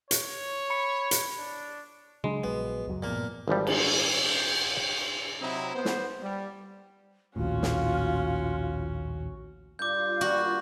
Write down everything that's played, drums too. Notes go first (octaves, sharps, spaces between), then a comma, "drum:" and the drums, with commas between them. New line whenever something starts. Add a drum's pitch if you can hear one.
C#5, drum: hi-hat
B5 C#7
drum: hi-hat
D4
C#3 F#3 G#3 D4
A#1 F#3 B3
C#2 F#2 F#3
G2 A#2 F3 A#3 B3
G#1 E3 F3 G3
drum: cymbal
C3 F#3 C4 D#4 E4
B3 C5
drum: snare
G3
A#1 D#2 A2 C#4 F4 F#4
drum: snare
G2 F4 D6 G6
G3 A#3 F#4